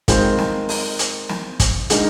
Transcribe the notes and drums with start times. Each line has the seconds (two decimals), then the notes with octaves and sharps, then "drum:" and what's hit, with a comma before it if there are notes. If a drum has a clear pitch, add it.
0.08 D#3 G#3 C4 F4 A#4 C5, drum: kick, hi-hat
0.38 drum: snare
0.69 drum: open hi-hat
0.99 drum: hi-hat
1.29 drum: snare
1.60 drum: kick, hi-hat
1.90 D3 G#3 D#4 G#4 A#4, drum: hi-hat